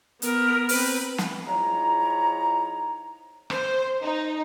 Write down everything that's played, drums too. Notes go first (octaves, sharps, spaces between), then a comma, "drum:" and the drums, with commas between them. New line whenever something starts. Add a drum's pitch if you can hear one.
B3 A#4, drum: hi-hat
C4 B4, drum: open hi-hat
drum: snare
F3 G#3 D#4 E4 C#5 A#5
C5, drum: rim click
D#4